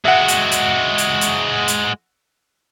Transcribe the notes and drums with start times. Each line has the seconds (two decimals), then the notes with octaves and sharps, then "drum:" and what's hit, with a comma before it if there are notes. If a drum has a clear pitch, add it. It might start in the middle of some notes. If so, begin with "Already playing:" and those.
0.05 G#3 F#4 E5 F#5
0.28 drum: hi-hat
0.52 drum: hi-hat
0.98 drum: hi-hat
1.21 drum: hi-hat
1.68 drum: hi-hat